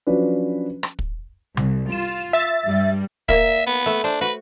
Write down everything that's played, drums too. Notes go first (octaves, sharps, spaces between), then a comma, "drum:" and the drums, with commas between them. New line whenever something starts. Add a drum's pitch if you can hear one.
F3 F#3 C#4 D4 B4
drum: rim click
drum: kick
C2, drum: tom C3
F4 E7
E5 A6
G2 G3
A#3 E5, drum: kick
B3
A3
D4 C5
F#4 B4